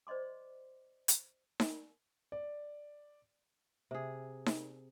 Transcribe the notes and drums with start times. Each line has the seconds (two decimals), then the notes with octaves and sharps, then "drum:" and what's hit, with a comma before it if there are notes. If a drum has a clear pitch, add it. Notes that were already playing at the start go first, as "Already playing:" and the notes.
0.07 C5 D5 D#5 C6 D6
1.08 drum: hi-hat
1.60 drum: snare D#4
2.32 D5
3.91 C3 G#4
4.46 drum: snare D#4